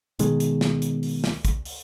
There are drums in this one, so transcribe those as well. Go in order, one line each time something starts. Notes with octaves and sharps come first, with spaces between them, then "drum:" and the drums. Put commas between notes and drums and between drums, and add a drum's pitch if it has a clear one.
B2 D#3 G#3, drum: hi-hat
drum: hi-hat
drum: snare
drum: hi-hat
drum: open hi-hat
drum: snare
drum: kick, hi-hat
drum: open hi-hat